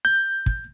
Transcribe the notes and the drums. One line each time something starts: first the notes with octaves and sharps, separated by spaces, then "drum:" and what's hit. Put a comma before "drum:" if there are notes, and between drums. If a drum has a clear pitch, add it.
G6
drum: kick